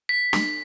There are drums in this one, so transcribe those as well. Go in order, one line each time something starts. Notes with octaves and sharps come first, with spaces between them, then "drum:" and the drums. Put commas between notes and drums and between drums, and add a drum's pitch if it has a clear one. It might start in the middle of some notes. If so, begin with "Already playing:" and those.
B6
drum: snare